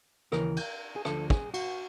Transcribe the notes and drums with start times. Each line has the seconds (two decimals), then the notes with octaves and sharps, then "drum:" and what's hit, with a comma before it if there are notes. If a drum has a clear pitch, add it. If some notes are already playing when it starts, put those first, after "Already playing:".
0.32 D#2 C#3 E3 A#4, drum: rim click
0.57 drum: cymbal
0.96 G#4
1.05 D2 D3 F3 A4, drum: rim click
1.30 G#4, drum: kick
1.54 F#4, drum: cymbal